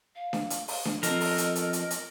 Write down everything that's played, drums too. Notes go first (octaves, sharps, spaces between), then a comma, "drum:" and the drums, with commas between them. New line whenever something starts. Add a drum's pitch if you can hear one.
F5
drum: snare D4
drum: hi-hat
drum: open hi-hat
drum: snare D4
F3 B3 C4 A4 A#4 D#5, drum: hi-hat
drum: open hi-hat
drum: hi-hat
drum: hi-hat
drum: hi-hat
drum: hi-hat